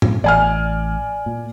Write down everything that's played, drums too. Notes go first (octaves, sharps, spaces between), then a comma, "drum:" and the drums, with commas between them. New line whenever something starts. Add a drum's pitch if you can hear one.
drum: tom
A1 D5 G#5 F6
A#2